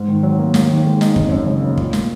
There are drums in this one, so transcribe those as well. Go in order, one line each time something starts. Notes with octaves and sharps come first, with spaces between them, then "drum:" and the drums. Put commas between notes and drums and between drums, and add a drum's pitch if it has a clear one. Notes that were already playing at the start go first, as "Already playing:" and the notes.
Already playing: G#2
D#3
F#3
A#3
D#2, drum: snare
D#3
G#3
D#4, drum: snare
G#1, drum: kick
F#2
C#3
A#3
A#2, drum: kick
A#3, drum: snare